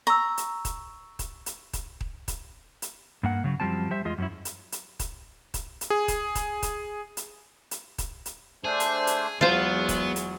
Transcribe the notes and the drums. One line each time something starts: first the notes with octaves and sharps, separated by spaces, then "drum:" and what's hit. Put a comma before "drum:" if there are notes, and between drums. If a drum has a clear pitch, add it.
A#5 C#6 E6
drum: hi-hat
drum: kick D#1, hi-hat
drum: kick D#1, hi-hat
drum: hi-hat
drum: kick D#1, hi-hat
drum: kick D#1
drum: kick D#1, hi-hat
drum: hi-hat
G2 A#3 F#5
C#3 F#3
F#2 F3 G3 C4 A5
G3 C5 E5
E2 G#3 F4 D#5
F#2 C#4 E4
drum: hi-hat
drum: hi-hat
drum: kick D#1, hi-hat
drum: kick D#1, hi-hat
drum: hi-hat
G#4
drum: kick D#1, hi-hat
drum: kick D#1, hi-hat
drum: kick D#1, hi-hat
drum: hi-hat
drum: hi-hat
drum: kick D#1, hi-hat
drum: hi-hat
A3 D4 G#4 C5
drum: hi-hat
drum: hi-hat
E2 F#3 G#3 B3 F4 C5
drum: kick D#1, hi-hat
drum: hi-hat